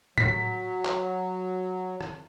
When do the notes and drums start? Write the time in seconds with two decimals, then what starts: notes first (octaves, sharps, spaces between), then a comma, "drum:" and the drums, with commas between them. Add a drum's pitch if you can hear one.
0.18 F#3 B6, drum: tom A2
0.85 drum: clap
2.01 drum: rim click